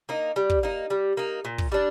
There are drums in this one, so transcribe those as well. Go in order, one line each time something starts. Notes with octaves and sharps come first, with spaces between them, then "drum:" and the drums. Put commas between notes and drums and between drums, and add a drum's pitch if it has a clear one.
A#3 D#4
G3
drum: kick
A#3 D#4
G3
A#3 D#4
A#2
drum: kick
G3 D4